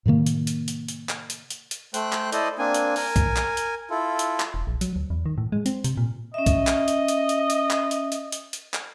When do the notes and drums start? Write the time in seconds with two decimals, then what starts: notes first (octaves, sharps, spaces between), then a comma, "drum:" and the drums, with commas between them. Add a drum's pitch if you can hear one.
0.06 A2 C3 D#3 A#3
0.26 drum: hi-hat
0.47 drum: hi-hat
0.68 drum: hi-hat
0.88 drum: hi-hat
1.09 drum: clap
1.30 drum: hi-hat
1.50 drum: hi-hat
1.71 drum: hi-hat
1.94 A3 C5 G5 F#6, drum: hi-hat
2.12 drum: clap
2.32 E4 A4 C5 D5 D#5 D#6, drum: hi-hat
2.58 A#3 C4 D4 G#5
2.74 drum: hi-hat
2.96 A#4 G#5, drum: open hi-hat
3.16 drum: kick, hi-hat
3.36 drum: clap
3.57 drum: hi-hat
3.90 E4 F4 A4
4.19 drum: hi-hat
4.40 drum: clap
4.54 E1
4.67 A#1
4.81 F#3, drum: hi-hat
4.96 D2
5.10 E2
5.26 D#3
5.38 A2
5.52 G#3
5.66 C4, drum: hi-hat
5.84 C3, drum: hi-hat
5.97 A#2
6.34 C#4 D#5 E5
6.46 drum: kick, hi-hat
6.67 drum: clap
6.88 drum: hi-hat
7.08 drum: hi-hat
7.29 drum: hi-hat
7.50 drum: hi-hat
7.70 drum: clap
7.91 drum: hi-hat
8.12 drum: hi-hat
8.32 drum: hi-hat
8.53 drum: hi-hat
8.74 drum: clap